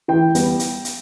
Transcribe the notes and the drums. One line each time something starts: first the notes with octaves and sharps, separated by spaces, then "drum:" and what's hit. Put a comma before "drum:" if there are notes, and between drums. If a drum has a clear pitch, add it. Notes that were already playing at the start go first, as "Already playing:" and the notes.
E3 G5
G3 B3, drum: hi-hat
drum: hi-hat
drum: hi-hat